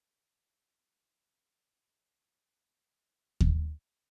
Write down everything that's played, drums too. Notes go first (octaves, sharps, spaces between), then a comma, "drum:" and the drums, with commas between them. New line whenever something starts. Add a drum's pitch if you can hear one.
C3 E3 G3 B3 D5
G#5
G5
A5
G#5
A5
A#5
C6
B5
C6
C#6
A#2 G3 B3 E6
drum: kick D#2